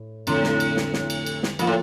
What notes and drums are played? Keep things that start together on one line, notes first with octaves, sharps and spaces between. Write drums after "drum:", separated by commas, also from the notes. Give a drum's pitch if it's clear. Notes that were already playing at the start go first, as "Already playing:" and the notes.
Already playing: A2
F2 A2 D3 A3, drum: cymbal
drum: snare
drum: cymbal
drum: snare
drum: snare
drum: cymbal
drum: cymbal
drum: snare
A#2 F3 A#3 F4, drum: cymbal
A2